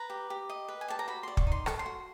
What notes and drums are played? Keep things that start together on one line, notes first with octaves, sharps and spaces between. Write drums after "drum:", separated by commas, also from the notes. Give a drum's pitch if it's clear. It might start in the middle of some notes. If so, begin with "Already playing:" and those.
Already playing: B4 A#5
G4
G4
D#5
B4
G#5
G4 A5
A#5
F#4 B5
D5 C6
C#6, drum: kick
D#4 C6
A4 C#6, drum: rim click
C6
F#4